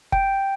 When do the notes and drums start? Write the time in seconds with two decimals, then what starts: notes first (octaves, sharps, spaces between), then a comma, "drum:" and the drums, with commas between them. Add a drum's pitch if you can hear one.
0.12 G5, drum: kick F#1